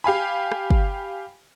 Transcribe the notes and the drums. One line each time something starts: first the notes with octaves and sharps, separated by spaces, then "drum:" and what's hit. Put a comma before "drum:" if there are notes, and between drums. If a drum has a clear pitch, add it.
G4 F5 G#5 B5
drum: rim click
drum: kick